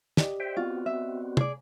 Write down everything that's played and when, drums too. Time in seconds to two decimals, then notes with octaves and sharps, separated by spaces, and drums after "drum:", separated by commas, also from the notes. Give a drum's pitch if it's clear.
0.17 G4 D5 D#5, drum: snare
0.40 C5 E5 G5
0.57 B3 C4 F4 F#4
0.86 E5
1.37 G#4 D5, drum: tom